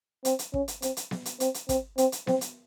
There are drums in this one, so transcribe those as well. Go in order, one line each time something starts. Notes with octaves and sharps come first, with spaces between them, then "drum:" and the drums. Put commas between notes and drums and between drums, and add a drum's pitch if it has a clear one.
C4, drum: hi-hat
drum: hi-hat
C#4, drum: kick
drum: hi-hat
C4, drum: hi-hat
drum: hi-hat
drum: snare B3
drum: hi-hat
C4, drum: hi-hat
drum: hi-hat
C4, drum: kick, hi-hat
C4, drum: hi-hat
drum: hi-hat
C4, drum: snare B3
drum: hi-hat